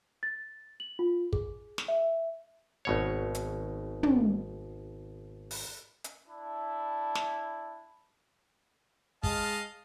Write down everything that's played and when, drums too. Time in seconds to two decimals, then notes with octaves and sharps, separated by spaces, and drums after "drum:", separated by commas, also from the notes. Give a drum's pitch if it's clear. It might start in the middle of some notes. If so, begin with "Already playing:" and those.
0.23 A6
0.80 F#7
0.99 F4
1.33 G#4, drum: kick
1.78 drum: snare
1.88 E5
2.85 G#1 B2 C#5
3.35 drum: hi-hat
4.03 drum: tom
5.51 drum: open hi-hat
6.04 drum: hi-hat
6.29 D4 E4
7.15 drum: snare
9.23 G#3 D#5 F5 A5, drum: kick